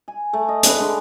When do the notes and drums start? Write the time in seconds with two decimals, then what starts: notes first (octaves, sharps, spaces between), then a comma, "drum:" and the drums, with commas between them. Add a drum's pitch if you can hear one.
0.08 G#5
0.33 A3
0.48 D#5
0.63 A4 B4, drum: hi-hat
0.79 D3 G#3